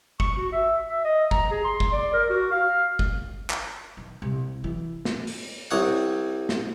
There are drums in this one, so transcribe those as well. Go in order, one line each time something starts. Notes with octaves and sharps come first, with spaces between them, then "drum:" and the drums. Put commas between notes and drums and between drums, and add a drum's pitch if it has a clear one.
C#6, drum: kick G1
F#4
E5
E5
D#5
A#5, drum: kick G1
G#4
C6
drum: kick G1
D5
A#4
F#4
F5
drum: kick G1
drum: clap
D#3
C2
E3
drum: snare
drum: open hi-hat
C2 C#5 F#5
drum: snare